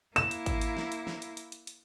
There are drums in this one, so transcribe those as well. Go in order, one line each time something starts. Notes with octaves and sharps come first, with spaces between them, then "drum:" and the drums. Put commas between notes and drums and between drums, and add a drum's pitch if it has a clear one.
A#3 E4 E7, drum: hi-hat
drum: hi-hat
drum: kick, hi-hat
drum: hi-hat
drum: snare
drum: hi-hat
drum: snare
drum: hi-hat
drum: hi-hat
drum: hi-hat
drum: hi-hat